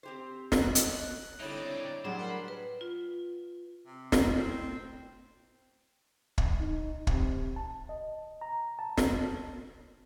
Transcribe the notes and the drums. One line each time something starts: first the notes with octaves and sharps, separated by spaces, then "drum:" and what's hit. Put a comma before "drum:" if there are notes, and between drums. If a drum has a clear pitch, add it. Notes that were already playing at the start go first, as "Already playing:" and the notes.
C4 G4 C5
D#5 F#6, drum: snare
drum: hi-hat
D3 G3 C4 D#4 E4 C#5 A6 D7
A2 F#3 G3 D4 G#4 C5 F#5
A#4 F#5 B5
B4
F4
C3
A2, drum: snare
C4
drum: kick
D#4
C3, drum: kick
A5
D#5
A#5
A5
drum: snare